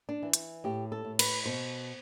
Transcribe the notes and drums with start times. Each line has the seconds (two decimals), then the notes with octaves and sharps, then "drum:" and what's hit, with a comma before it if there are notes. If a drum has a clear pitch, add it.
0.09 D4
0.22 E3
0.33 drum: hi-hat
0.64 A2 G4
0.92 A4
1.05 A2
1.19 B4, drum: cymbal
1.46 B2 C5